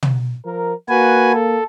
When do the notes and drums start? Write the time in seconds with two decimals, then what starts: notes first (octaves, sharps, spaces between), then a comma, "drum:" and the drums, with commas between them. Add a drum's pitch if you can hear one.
0.03 drum: tom
0.46 F3 A#4
0.89 A#3 F#4 B4 G#5
1.33 A4